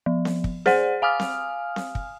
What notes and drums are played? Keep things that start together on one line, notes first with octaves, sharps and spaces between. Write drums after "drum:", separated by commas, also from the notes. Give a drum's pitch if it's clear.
F3
drum: snare C4
drum: kick
G#4 C5 D5 F#5, drum: snare C4
F5 G#5 D#6 F6
drum: snare C4
drum: snare C4
drum: kick